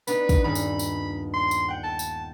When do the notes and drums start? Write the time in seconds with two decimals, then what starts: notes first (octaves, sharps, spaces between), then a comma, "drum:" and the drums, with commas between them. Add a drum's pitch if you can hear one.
0.07 B3 D4 D#4 B4, drum: tambourine
0.29 D#4, drum: kick, tambourine
0.44 D#1 G2 D#4 B5
0.55 drum: tambourine
0.79 drum: tambourine
1.34 C6
1.51 drum: tambourine
1.68 F#5 G5
1.83 A5
1.99 drum: tambourine